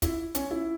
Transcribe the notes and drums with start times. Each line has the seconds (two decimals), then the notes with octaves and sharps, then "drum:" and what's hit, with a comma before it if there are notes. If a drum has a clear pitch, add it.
0.02 E4, drum: kick, hi-hat
0.35 C#4, drum: hi-hat
0.51 E4